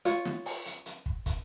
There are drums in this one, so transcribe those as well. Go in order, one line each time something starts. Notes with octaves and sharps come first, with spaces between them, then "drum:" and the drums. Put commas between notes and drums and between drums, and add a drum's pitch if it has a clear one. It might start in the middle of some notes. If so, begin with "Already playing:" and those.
F4 C#5, drum: hi-hat
drum: snare
drum: open hi-hat
drum: hi-hat
drum: hi-hat
drum: kick
drum: kick, hi-hat